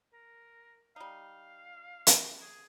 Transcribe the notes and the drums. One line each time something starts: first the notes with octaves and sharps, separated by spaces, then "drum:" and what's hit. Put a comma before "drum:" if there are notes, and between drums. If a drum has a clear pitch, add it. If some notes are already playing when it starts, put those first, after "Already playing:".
A#4
G3 D#4 F5
drum: hi-hat
G#4